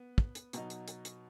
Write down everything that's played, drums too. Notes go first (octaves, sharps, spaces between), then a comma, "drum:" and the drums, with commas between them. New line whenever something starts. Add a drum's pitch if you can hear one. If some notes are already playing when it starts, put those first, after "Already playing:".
Already playing: B3
drum: kick
drum: hi-hat
B2 F#3 D#4, drum: hi-hat
drum: hi-hat
drum: hi-hat
drum: hi-hat